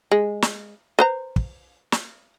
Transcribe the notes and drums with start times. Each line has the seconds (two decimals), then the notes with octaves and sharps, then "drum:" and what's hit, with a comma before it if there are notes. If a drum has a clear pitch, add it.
0.11 G#3
0.42 drum: snare
0.99 B4 C5 A#5
1.36 drum: kick
1.92 drum: snare